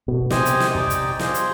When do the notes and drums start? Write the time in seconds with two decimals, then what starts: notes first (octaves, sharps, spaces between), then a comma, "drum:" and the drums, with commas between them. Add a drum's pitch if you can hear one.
0.08 B2
0.30 C3 G4 C5 D#5 G#5, drum: snare
0.45 drum: hi-hat
0.60 drum: snare
0.75 D#4 G4 D5 G5, drum: kick
0.90 drum: hi-hat
1.19 F4 G#4 C5 D#5, drum: snare
1.34 drum: hi-hat